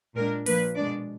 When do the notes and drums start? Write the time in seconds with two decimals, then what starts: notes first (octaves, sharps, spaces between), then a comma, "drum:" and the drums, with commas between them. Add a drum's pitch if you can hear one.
0.16 A#2 G#3 D4 A#4
0.46 A#2 F3 A#3 B4, drum: open hi-hat
0.76 B2 G#3 D4 D5